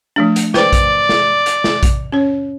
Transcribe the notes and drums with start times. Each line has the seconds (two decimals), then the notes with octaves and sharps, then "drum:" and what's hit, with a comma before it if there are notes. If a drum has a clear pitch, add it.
0.16 F3 A3 D4
0.36 drum: hi-hat
0.54 B4 C5 D5 G5, drum: snare
0.73 drum: kick A#1, hi-hat
1.09 drum: snare
1.46 drum: hi-hat
1.64 drum: snare
1.83 drum: kick A#1, hi-hat
2.12 C#4 C#5